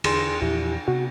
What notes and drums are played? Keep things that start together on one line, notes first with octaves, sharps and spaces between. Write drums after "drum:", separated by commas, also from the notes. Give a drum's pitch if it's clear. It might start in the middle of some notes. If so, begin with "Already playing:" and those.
E2 D3 G#4 C6, drum: cymbal
E2 A#2 F3 E4 G4
C3 B3 F#4